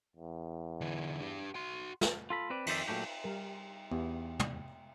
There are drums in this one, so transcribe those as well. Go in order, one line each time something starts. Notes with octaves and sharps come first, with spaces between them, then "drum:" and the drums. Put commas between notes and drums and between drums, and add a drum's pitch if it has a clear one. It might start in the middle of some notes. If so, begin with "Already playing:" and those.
E2
D3 E3
D4 G4
F#4 C6
drum: snare
F4 A4 B5
C4 B4 D5
F2 D#3 C5 D5 E5, drum: cymbal
A#2 F#3 A3 G4
G3 A#4
E2 B3 G4
drum: tom